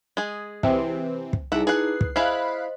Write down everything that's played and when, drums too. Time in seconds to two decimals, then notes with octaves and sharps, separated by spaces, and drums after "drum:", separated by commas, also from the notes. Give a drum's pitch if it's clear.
0.17 G#3 G#4
0.63 C3 E3 C4, drum: kick
1.33 drum: kick
1.52 C2 D#4 E4 G#4 E5 F#5
1.67 G#4 B4 F#5 F#6 C7
2.01 drum: kick
2.16 E4 G#4 C5 D#5 F5 B5 F#6